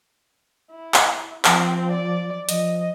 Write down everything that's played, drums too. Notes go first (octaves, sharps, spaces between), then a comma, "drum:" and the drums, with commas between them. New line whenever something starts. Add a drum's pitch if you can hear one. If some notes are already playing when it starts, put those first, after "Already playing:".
E4
drum: clap
F3 C4, drum: clap
D5
F3 D#5, drum: hi-hat